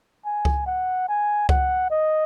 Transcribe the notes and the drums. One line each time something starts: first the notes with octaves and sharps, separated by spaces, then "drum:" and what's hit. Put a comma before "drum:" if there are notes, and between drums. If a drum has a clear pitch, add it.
G#5
drum: kick C#2
F#5
G#5
F#5, drum: kick C#2
D#5